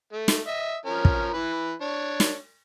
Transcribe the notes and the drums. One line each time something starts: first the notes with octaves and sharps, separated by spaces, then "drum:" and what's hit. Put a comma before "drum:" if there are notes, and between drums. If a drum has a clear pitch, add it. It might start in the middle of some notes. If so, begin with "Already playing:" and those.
A3
drum: snare
D#5 E5
F3 C#4 A#4
drum: kick
E3 B4
D4 C#5
drum: snare